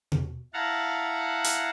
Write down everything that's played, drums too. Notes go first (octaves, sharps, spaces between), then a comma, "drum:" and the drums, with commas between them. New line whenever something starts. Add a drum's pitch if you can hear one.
drum: tom B2
E4 F5 F#5 A5 A#5
drum: hi-hat